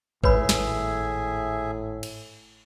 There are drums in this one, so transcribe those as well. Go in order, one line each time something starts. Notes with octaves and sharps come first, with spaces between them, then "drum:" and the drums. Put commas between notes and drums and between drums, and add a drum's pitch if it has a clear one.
G#1 A2 G#4 B4 C#5 E5 B5, drum: kick A1
drum: snare
drum: cymbal